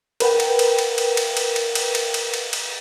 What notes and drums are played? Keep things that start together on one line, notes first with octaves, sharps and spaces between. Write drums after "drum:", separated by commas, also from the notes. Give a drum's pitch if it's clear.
A#4 B4 F#5 G5, drum: cymbal
drum: cymbal
drum: cymbal
drum: cymbal
drum: cymbal
drum: cymbal
drum: cymbal
drum: cymbal
drum: cymbal
drum: cymbal
drum: cymbal
drum: cymbal
drum: cymbal